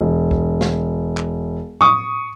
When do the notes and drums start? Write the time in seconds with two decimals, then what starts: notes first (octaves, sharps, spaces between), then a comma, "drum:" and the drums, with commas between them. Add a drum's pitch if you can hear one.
0.01 E1
0.31 drum: kick
0.61 drum: snare
1.17 drum: clap
1.81 C#6 D#6, drum: tom